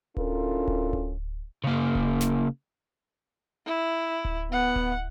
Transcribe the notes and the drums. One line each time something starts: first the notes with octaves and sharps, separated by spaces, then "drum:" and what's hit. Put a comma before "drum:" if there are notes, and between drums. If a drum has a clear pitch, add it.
C#4 D4 E4 F4 A4 A#4, drum: kick D1
drum: kick D1
drum: kick D1
C#3 A#3
drum: kick D1
drum: snare
E4
drum: kick D1
B3 F#5
drum: kick D1